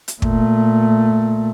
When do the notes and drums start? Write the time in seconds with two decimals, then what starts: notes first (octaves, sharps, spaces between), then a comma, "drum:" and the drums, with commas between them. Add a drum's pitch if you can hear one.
0.08 drum: hi-hat
0.22 A#2 A3, drum: kick